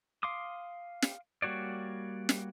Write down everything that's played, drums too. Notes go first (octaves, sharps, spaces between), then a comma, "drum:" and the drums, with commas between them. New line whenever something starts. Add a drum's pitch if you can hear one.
F5 C6 D6 D#6
drum: snare
G3 A#3 F#4 C#5 D5
drum: snare